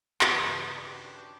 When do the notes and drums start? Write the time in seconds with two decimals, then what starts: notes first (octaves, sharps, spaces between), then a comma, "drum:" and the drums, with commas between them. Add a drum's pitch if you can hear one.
0.21 G2 C#3 E3 E4 F#4 B4 C6 D#6, drum: clap
0.75 D#3 C#4 D4 G4